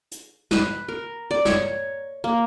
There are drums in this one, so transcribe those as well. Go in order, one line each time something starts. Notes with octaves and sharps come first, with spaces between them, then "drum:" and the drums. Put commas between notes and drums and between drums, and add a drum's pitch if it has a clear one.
drum: hi-hat
B4, drum: snare
A#4
D5
C#5, drum: snare
A#3